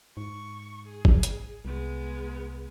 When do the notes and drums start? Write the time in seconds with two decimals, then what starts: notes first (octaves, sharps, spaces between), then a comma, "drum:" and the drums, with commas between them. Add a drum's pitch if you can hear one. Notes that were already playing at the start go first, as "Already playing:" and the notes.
0.17 G#2 C#6
0.88 G#4
1.05 drum: kick G1
1.23 drum: hi-hat
1.65 C2 G#3 B3